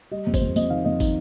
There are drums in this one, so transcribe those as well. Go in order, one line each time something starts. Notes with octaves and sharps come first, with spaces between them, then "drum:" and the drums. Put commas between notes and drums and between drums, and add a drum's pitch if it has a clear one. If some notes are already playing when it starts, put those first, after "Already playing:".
G3 D#5
F2
C5, drum: kick, tambourine
F2
F2 D#5, drum: tambourine
D#3 F5
F2 D#5
D#4, drum: kick, tambourine